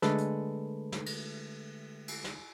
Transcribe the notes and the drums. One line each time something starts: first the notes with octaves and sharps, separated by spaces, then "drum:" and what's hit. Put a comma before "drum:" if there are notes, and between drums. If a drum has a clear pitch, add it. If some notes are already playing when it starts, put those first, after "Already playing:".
D3 G#3 A3 A4 B4, drum: snare
drum: hi-hat
drum: snare
drum: cymbal
drum: cymbal
drum: snare